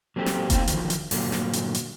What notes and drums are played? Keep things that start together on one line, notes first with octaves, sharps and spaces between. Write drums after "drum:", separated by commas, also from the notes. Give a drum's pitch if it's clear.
F#3 A#3 C4 G4 A4
drum: snare
A#3 C4 D#4 G5, drum: kick F1, hi-hat
D3 D#3 F3 F#3, drum: hi-hat
drum: hi-hat
G2 A#2 D3 F#3 A3 A#3, drum: open hi-hat
drum: snare
drum: hi-hat
drum: hi-hat